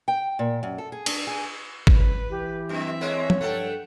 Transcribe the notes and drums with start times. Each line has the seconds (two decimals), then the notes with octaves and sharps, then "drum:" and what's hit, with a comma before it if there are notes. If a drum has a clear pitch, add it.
0.08 G5
0.39 A#2
0.63 F#2
0.78 A4
0.92 G#4
1.06 D4, drum: cymbal
1.27 G#4
1.87 C#2 B4, drum: kick
2.30 E3 G4
2.69 F#2 C4 E5
3.01 G#3 A#3 C#5
3.30 drum: tom
3.41 G2 A3 A4 F#5 G5